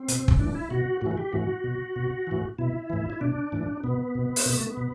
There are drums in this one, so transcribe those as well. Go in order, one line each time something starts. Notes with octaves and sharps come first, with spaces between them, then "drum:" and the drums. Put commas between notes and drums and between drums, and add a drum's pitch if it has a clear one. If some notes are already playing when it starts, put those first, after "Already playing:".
Already playing: C4
B2, drum: hi-hat
drum: kick
A2 E3 D4
E4
B2 F#4
A2 E3 F#4
F#4
G4
A2 E3 F#4
B2
B2
A2 E3
B2 E4
A2 E3
E4
B2 D4
A2 E3
B2 B3
B2
drum: open hi-hat
B2 B3
A3
B3
B2